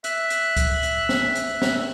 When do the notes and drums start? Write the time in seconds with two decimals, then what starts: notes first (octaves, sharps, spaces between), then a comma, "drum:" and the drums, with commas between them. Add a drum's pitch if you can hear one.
0.04 E5 F#6, drum: hi-hat
0.30 drum: hi-hat
0.57 drum: kick C#2, hi-hat
0.83 drum: hi-hat
1.09 drum: snare
1.35 drum: hi-hat
1.62 drum: snare